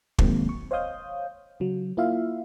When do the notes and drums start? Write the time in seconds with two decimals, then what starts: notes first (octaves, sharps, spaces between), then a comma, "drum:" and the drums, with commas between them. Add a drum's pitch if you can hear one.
0.19 C3 D#3 F#3 G#3 A#3 C4, drum: kick
0.49 C#6
0.71 C5 C#5 D#5 F5 D#6 G6
1.60 C#3 F#3
1.97 A#3 E4 F4 E5 F5